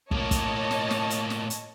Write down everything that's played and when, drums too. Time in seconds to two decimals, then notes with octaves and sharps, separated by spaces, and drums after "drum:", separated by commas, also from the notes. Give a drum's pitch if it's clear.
0.11 A2 A#3 C#5 D#5 A5, drum: kick
0.31 drum: kick, hi-hat
0.71 drum: snare
0.90 drum: snare
1.10 drum: hi-hat
1.30 drum: snare
1.50 drum: hi-hat